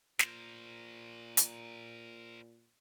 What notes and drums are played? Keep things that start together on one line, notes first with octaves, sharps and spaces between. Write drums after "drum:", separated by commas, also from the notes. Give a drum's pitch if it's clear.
A#2 A#4 C5, drum: snare
drum: hi-hat